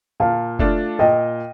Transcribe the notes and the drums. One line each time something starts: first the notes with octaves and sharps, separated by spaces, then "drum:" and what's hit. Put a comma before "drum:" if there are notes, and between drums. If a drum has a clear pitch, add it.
A#2 F5 A5
A3 D4 F4, drum: kick F1
A#2 D#5 G5